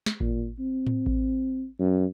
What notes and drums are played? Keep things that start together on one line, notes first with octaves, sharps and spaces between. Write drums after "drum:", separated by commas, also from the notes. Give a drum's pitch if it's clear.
drum: snare
A#2, drum: kick A1
C4
drum: tom A2
drum: kick A1
F#2